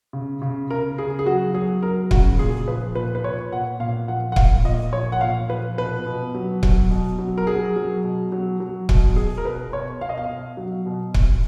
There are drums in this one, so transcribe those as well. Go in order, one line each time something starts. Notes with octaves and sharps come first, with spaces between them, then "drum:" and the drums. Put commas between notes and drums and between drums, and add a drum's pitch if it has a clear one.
C#3
C#3
C#3 A#4
C#3 G#4
G#4
F#3 F#4
F#3 G#4
F#3 A#4
C#3 F#4, drum: kick C#1
A#2 G#4
F3 B4
A#2 B4
B4
A#2 C#5
A#2 F#5
A#2 F5
F3 F#5
F#5
A#2 F5, drum: kick C#1
A#2 D#5
F3 C#5
F#5
A#2 F5
F3 B4
B2 B4
B2
F#3
F#3, drum: kick C#1
B2
F#3
A#4
F#3 G#4
F#3
B2
F#3
F#3
B2, drum: kick C#1
B2 G#4
A#4
B2 B4
B2 C#5
B2 F5
D#5
F5
B2
F#3
B2
B2, drum: kick C#1